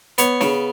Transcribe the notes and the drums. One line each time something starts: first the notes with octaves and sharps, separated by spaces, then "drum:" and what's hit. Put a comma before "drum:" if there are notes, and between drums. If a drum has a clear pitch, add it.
B3 C#5, drum: hi-hat
C#3, drum: snare